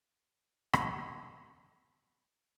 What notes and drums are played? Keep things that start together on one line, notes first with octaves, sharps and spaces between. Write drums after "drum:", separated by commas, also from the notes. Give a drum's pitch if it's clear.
C#3 D#5
drum: rim click